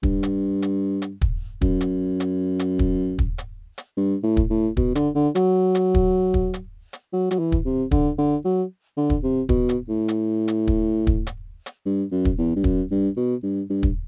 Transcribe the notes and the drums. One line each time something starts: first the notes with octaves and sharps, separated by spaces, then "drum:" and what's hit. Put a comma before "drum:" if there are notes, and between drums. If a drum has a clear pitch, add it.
G2, drum: kick
drum: hi-hat
drum: hi-hat
drum: hi-hat
drum: kick
F#2, drum: kick
drum: hi-hat
drum: hi-hat
drum: hi-hat
drum: kick
drum: kick
drum: hi-hat
drum: hi-hat
G2
A2
drum: kick
A2
B2, drum: kick
D3, drum: hi-hat
D3
F#3, drum: hi-hat
drum: hi-hat
drum: kick
drum: kick
drum: hi-hat
drum: hi-hat
F#3
F#3, drum: hi-hat
E3
drum: kick
C3
D3, drum: kick
D3
F#3
D3
drum: kick
C3
B2, drum: kick
drum: hi-hat
A2
drum: hi-hat
drum: hi-hat
drum: kick
drum: kick
drum: hi-hat
drum: hi-hat
G2
F#2
drum: kick
E2
G2
F#2, drum: kick
G2
B2
G2
G2
drum: kick